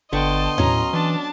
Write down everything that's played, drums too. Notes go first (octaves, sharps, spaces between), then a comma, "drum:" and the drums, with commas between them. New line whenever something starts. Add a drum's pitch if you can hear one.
G1 D3 B3 D#5 G5 A5 C6 C#6
A2 F#3 C#4 A#5, drum: tom D#2
E3 D4 A5